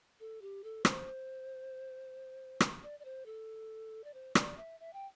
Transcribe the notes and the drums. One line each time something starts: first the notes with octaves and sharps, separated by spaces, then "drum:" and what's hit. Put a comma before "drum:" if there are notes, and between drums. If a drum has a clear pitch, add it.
A4
G4
A4
C5, drum: rim click
drum: rim click
D5
D5
C5
A4
D5
C5
D5, drum: rim click
E5
E5
G5